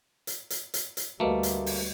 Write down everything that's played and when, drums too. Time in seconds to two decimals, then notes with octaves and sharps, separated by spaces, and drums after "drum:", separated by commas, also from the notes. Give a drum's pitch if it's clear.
0.27 drum: hi-hat
0.50 drum: hi-hat
0.74 drum: hi-hat
0.97 drum: hi-hat
1.20 D2 G3 A3 A#3 F#4 B4 D#5
1.43 drum: hi-hat
1.66 drum: open hi-hat